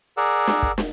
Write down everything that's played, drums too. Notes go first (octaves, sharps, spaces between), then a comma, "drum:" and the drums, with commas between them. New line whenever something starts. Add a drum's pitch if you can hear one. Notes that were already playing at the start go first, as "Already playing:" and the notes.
G#4 A#4 D5 F#5 E6
drum: snare
drum: kick
drum: snare